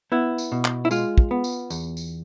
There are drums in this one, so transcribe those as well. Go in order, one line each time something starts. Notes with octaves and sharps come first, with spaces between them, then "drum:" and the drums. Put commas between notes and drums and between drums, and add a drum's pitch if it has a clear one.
B3 E4
drum: tambourine
B2
drum: clap
E4
G#3 F4, drum: tambourine
drum: kick
B3
drum: tambourine
E2, drum: tambourine
drum: tambourine